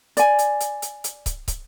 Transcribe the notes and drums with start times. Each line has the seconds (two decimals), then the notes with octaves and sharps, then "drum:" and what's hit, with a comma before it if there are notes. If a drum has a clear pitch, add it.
0.17 D5 G#5, drum: hi-hat
0.39 drum: hi-hat
0.60 drum: hi-hat
0.82 drum: hi-hat
1.04 drum: hi-hat
1.26 drum: kick, hi-hat
1.48 drum: kick, hi-hat